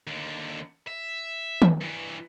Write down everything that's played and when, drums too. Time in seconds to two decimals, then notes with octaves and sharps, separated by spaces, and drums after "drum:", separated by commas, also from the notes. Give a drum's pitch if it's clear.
0.07 D#2 D3
0.87 E5
1.62 drum: tom D#3
1.81 G2 E3